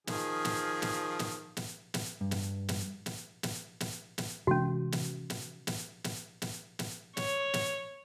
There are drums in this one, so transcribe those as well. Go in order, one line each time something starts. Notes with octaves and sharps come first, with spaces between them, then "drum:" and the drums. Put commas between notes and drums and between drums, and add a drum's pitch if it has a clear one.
D#3 F3 G#4, drum: snare
drum: snare
drum: snare
drum: snare
drum: snare
drum: snare
G2
drum: snare
drum: snare
drum: snare
drum: snare
drum: snare
drum: snare
C3 E3 G#3 C#4 F#4
drum: snare
drum: snare
drum: snare
drum: snare
drum: snare
drum: snare
C#5, drum: snare
drum: snare